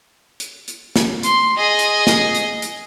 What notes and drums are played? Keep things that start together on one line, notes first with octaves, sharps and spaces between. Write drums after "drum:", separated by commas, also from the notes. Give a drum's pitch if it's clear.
drum: hi-hat
drum: hi-hat
drum: snare
C6, drum: hi-hat
G#4 D#5
drum: hi-hat
drum: snare
drum: hi-hat
drum: hi-hat